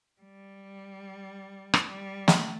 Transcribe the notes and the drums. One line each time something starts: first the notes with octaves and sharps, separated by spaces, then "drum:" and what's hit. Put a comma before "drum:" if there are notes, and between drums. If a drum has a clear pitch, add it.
G3
drum: rim click
G3
A3, drum: snare